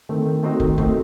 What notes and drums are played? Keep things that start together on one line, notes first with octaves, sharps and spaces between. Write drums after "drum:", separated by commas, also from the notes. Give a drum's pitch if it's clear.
D#3 A3 C4
D#3
A3 C4 D#4 F#4
D#3, drum: kick
A3 C4 D#4 F#4, drum: kick